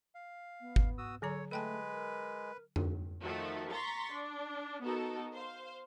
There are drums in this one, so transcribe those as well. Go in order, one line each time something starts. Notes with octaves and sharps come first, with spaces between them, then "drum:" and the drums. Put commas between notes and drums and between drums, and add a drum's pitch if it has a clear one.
F5
B3
drum: kick G1
F#4 D#6 E6
D3 F#3 A4 C#5 A#5
G#3 A3 A4 B4 G5 A5
A#4
drum: tom F2
D#3 F3 A3 F#4 A4
A#5 C6 C#6 A6 B6
D4
B3 D#4 F#4 A4 A#4
C5 F5